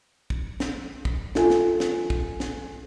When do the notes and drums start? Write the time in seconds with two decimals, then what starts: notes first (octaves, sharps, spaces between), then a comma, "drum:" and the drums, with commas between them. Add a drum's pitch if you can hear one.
0.30 drum: kick
0.60 drum: snare
1.05 drum: kick
1.35 F4 A4 G#5, drum: snare
1.50 drum: snare
1.80 drum: snare
2.10 drum: kick
2.40 drum: snare